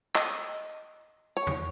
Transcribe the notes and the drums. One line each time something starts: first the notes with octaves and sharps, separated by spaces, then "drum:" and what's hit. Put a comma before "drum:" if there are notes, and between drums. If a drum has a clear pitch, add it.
D#5, drum: clap
C#5
drum: tom